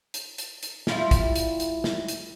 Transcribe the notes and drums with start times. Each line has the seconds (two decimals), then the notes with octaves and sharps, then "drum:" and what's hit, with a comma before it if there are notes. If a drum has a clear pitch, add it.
0.14 drum: hi-hat
0.38 drum: hi-hat
0.63 drum: hi-hat
0.87 G3 E4 F4, drum: snare
1.11 drum: kick, hi-hat
1.36 drum: hi-hat
1.60 drum: hi-hat
1.84 drum: snare
2.08 drum: hi-hat